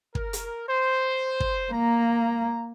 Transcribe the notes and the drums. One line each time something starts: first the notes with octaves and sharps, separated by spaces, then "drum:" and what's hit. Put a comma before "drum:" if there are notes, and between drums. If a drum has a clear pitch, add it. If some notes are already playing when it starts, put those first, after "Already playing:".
A#4, drum: kick
drum: hi-hat
C5
drum: kick
A#3 A#5